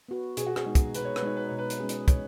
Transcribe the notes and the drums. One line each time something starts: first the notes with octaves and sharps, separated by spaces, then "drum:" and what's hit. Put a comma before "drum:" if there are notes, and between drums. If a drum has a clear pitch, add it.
B3 F#4 B4
B2 G#4, drum: hi-hat
F#4
G#4, drum: rim click
G#3 D#4
drum: kick, hi-hat
B2 B4, drum: hi-hat
C#5
B4, drum: rim click
G#3 D#4 C#5
B4
B2 C#5
B4
drum: hi-hat
G#3 C#4 G#4
drum: hi-hat
B2 C#5, drum: kick, hi-hat